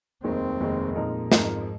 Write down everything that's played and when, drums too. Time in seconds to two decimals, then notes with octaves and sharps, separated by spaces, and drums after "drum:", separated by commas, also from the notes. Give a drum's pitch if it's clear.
0.23 F1 D#2 D#3 G#3 C4
0.60 F1 D#2 D#3 G#3
0.95 F2 A#2 F3 G#3 D#4 A#4
1.32 F2 G#2 F3 G#3 D#4 A#4, drum: snare